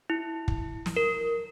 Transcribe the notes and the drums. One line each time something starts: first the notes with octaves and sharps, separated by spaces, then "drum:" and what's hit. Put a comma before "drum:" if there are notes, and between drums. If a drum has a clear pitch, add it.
E4
drum: kick
drum: snare
A#4